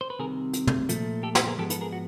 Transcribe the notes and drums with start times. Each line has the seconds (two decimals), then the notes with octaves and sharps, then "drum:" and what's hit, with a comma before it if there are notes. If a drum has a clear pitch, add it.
0.01 C5
0.10 B4
0.19 C2 C3 D#3 G#4 A#4
0.53 drum: hi-hat
0.67 drum: tom
0.89 A#2 F3 A3, drum: hi-hat
1.23 G4 A4
1.35 A4 B4, drum: snare
1.46 G#4 A#4
1.58 G#2 F3 G#3 B3 G4 A4
1.70 A4 B4, drum: hi-hat
1.81 G#4 A#4
1.93 F#4